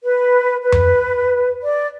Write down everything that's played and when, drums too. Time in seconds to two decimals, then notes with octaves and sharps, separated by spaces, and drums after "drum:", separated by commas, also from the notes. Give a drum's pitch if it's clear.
0.03 B4
0.62 B4
0.72 drum: tom F2
1.62 D5